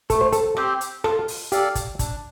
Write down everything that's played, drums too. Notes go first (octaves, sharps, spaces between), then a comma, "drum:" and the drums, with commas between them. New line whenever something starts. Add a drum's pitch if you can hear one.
A3 A4, drum: kick, hi-hat
C5
A4, drum: hi-hat
C4 G4 C5, drum: rim click
drum: hi-hat
F4 A4, drum: rim click
drum: open hi-hat
G4 A4 D5 F5, drum: hi-hat
drum: kick, hi-hat
D4, drum: kick, hi-hat